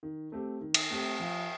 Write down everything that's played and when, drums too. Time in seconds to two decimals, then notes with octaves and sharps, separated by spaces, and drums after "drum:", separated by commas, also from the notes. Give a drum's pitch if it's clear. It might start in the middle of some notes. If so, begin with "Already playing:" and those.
0.03 D#3
0.32 A3 C4 G4
0.61 D#3
0.74 drum: cymbal
0.90 A3 C4 G4
1.20 F3